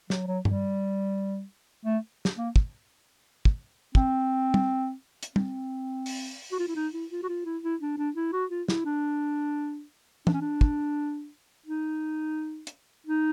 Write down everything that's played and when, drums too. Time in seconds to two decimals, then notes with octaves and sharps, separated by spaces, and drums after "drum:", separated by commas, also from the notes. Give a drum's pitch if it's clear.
0.10 F#3, drum: snare
0.27 F#3
0.45 G3, drum: tom G2
1.86 A3
2.25 drum: snare
2.37 A#3
2.56 drum: kick
3.45 drum: kick
3.95 C4, drum: kick
4.54 drum: tom
5.23 drum: hi-hat
5.36 C4, drum: tom
6.06 drum: open hi-hat
6.52 F#4
6.59 F4
6.68 E4
6.76 D#4
6.93 E4
7.12 F4
7.23 F#4
7.29 F4
7.46 E4
7.63 E4
7.82 D4
7.98 D4
8.16 E4
8.33 F#4
8.51 F4
8.68 E4, drum: snare
8.86 D4
10.27 D4, drum: tom
10.34 C#4
10.41 D4
10.61 drum: kick
11.66 D#4
12.67 drum: hi-hat
13.07 D#4